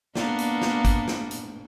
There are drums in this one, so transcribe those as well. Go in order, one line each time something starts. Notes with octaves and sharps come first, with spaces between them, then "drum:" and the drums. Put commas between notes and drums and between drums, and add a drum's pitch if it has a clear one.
A#3 B3 D4, drum: snare
drum: hi-hat
drum: snare
drum: kick, hi-hat
drum: snare
drum: hi-hat